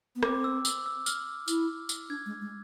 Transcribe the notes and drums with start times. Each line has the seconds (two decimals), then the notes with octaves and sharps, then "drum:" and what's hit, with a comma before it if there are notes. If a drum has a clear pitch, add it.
0.16 B3
0.23 C4 D6, drum: rim click
0.44 E6
0.65 E6, drum: tambourine
0.86 E6
1.06 F6, drum: tambourine
1.48 E4, drum: tambourine
1.89 drum: tambourine
2.09 D4 G#6
2.26 G#3
2.41 G#3